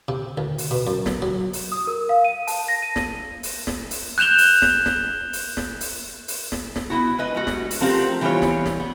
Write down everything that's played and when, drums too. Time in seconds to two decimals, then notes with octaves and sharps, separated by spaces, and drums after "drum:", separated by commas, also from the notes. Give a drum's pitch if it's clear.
0.08 C3
0.38 D2
0.58 drum: open hi-hat
0.71 B2
0.87 F#2
1.06 drum: snare
1.22 F#3
1.53 drum: open hi-hat
1.72 D#6
1.87 A#4
2.09 F5
2.25 D#7
2.47 A5, drum: open hi-hat
2.68 A#6
2.82 D#7
2.96 drum: snare
3.43 drum: open hi-hat
3.67 drum: snare
3.91 drum: open hi-hat
4.18 F#6 G6 E7 F7 G7
4.38 drum: open hi-hat
4.62 drum: snare
4.86 drum: snare
5.33 drum: open hi-hat
5.57 drum: snare
5.81 drum: open hi-hat
6.28 drum: open hi-hat
6.52 drum: snare
6.76 drum: snare
6.90 B3 E4 F#4
7.18 G#3 B4 D#5
7.35 G3 G#3 F#4
7.47 drum: snare
7.71 drum: open hi-hat
7.80 F3 A3 A#3 C4 F#4 G4
8.21 E3 G3 B3 D4 F4 C#5
8.42 drum: snare
8.65 drum: snare
8.80 B3